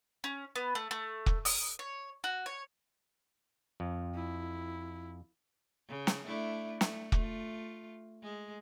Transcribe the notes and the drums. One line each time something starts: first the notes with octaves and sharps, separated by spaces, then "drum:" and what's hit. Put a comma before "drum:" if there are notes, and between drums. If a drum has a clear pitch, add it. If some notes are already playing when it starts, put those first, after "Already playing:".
C#4
B3
A3
A3
drum: kick
D#6, drum: open hi-hat
C#5
F#4
C#5
F2
E4
C#3
drum: snare
A3 D4 E4
A3, drum: snare
A3 F4, drum: kick
G#3